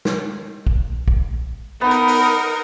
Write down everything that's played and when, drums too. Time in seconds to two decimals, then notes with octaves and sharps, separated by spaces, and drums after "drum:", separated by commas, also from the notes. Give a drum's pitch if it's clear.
0.05 drum: snare
0.67 drum: kick
1.08 drum: kick
1.81 B3 D#4 A#4
1.91 drum: hi-hat
2.08 drum: open hi-hat